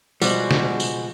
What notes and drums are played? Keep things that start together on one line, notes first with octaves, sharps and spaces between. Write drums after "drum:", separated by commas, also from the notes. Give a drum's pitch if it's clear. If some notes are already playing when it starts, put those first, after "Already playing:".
B2 F3 G3 G#3 F#4, drum: tambourine
drum: snare
drum: tambourine